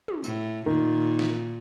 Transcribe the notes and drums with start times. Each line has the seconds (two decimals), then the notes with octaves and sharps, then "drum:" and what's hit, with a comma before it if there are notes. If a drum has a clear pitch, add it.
0.08 drum: tom
0.24 A2, drum: tambourine
0.66 A#2 D#3
1.19 drum: snare